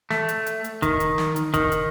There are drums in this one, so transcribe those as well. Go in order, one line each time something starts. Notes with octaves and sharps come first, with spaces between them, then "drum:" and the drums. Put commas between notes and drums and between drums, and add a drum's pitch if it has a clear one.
A3, drum: snare
drum: hi-hat
drum: hi-hat
drum: hi-hat
D#3, drum: kick E1, hi-hat
drum: hi-hat
drum: snare
drum: hi-hat
D#3, drum: kick E1, hi-hat
drum: hi-hat